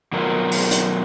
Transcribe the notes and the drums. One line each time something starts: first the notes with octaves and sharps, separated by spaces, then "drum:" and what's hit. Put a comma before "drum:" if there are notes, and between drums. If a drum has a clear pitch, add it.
B2 F#3 B3 F4 A#4
drum: open hi-hat
drum: hi-hat